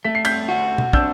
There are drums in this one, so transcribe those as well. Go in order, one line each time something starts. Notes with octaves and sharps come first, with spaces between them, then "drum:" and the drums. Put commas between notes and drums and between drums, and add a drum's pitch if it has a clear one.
A3 B6
C7
G6 B6, drum: cymbal
F#4
drum: tom B2
D4 E6 G6, drum: kick